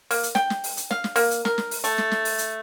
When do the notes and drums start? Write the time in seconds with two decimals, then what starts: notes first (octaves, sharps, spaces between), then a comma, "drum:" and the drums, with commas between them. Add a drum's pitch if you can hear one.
0.11 A#3, drum: open hi-hat
0.23 drum: hi-hat
0.35 G5, drum: snare
0.50 drum: snare
0.64 drum: open hi-hat
0.77 drum: hi-hat
0.91 F5, drum: snare
1.04 drum: snare
1.16 A#3, drum: open hi-hat
1.31 drum: hi-hat
1.45 A#4, drum: snare
1.58 drum: snare
1.71 drum: open hi-hat
1.84 A3, drum: hi-hat
1.98 drum: snare
2.11 drum: snare
2.25 drum: open hi-hat
2.38 drum: hi-hat